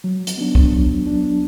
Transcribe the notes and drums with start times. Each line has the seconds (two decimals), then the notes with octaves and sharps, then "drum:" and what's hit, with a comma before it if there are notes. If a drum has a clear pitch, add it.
0.04 F#3
0.27 drum: hi-hat
0.38 B3 D4
0.55 drum: kick
0.71 F#3
1.03 B3 D4